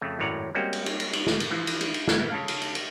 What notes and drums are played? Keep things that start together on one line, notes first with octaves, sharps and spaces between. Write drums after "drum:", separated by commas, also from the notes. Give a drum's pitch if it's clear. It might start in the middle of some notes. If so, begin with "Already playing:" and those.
F2 C#3 A3
G#1 F#2 A2 C#5 D5 A#5
G3 G#3 A#3 C4 C#4 F#4
drum: cymbal
drum: cymbal
drum: cymbal
drum: cymbal
drum: snare
drum: cymbal
E3 F3
drum: cymbal
drum: cymbal
drum: cymbal
E3 A#3 B3 E4, drum: snare
C#3 A4 F5
drum: cymbal
drum: cymbal
drum: cymbal